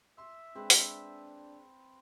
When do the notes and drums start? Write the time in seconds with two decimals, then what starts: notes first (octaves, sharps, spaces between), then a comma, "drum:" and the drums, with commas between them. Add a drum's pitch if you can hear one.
0.18 E5 C6
0.55 G#3 C4 D4 B4
0.70 drum: open hi-hat